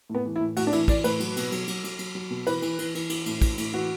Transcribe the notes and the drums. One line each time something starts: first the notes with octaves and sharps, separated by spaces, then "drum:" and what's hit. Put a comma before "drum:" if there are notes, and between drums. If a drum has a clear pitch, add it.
A2
B3
E3
E4
A2
A2 F#4, drum: cymbal
D4
E3 E4, drum: cymbal
E3 D5, drum: kick, cymbal
A2 B4, drum: cymbal
F#3, drum: cymbal
B2, drum: cymbal
F#3, drum: cymbal
F#3, drum: cymbal
F#3, drum: cymbal
F#3, drum: cymbal
F#3
B2
E3 B4, drum: cymbal
E3, drum: cymbal
E3, drum: cymbal
E3, drum: cymbal
E3, drum: cymbal
A2, drum: cymbal
E3, drum: kick, cymbal
A2, drum: cymbal
E3 F#4